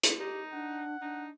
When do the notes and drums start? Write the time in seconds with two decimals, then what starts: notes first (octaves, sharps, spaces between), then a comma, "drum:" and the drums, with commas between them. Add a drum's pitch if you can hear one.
0.03 drum: hi-hat
0.19 D#4 G4
0.53 D4 F#5
1.02 D4 D#4